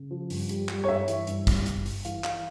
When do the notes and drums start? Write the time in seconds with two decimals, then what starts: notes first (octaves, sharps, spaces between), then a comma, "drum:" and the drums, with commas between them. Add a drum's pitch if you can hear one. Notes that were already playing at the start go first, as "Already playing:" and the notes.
Already playing: C#3
0.11 F3
0.30 G2, drum: open hi-hat
0.49 G3, drum: hi-hat
0.68 G3, drum: clap
0.84 C#5
0.88 G2 E5
1.08 E3, drum: hi-hat
1.27 G2, drum: hi-hat
1.47 G3, drum: kick, hi-hat
1.66 G2, drum: hi-hat
1.86 G2, drum: open hi-hat
2.05 E3 F5, drum: hi-hat
2.24 E3 F5, drum: clap